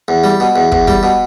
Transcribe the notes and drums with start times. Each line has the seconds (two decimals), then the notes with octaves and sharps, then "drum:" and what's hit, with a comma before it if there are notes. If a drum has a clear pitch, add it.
0.08 E2
0.24 G3
0.40 B2
0.56 E2
0.72 E2, drum: kick
0.88 G3, drum: kick
1.03 B2